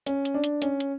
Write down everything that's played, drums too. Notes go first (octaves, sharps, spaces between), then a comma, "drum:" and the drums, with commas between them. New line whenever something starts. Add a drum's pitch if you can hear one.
C#4, drum: hi-hat
drum: hi-hat
D4
drum: hi-hat
C#4, drum: hi-hat
drum: hi-hat